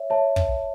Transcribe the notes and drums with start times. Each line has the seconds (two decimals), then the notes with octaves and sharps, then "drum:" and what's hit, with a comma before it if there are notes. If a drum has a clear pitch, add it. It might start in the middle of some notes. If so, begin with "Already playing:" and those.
Already playing: C#5 E5
0.10 C#5 E5 A5
0.36 drum: kick